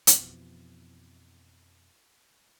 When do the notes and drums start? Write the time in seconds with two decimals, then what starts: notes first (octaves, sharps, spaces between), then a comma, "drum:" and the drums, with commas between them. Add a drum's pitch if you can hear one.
0.07 F2 B2 E3 F3, drum: hi-hat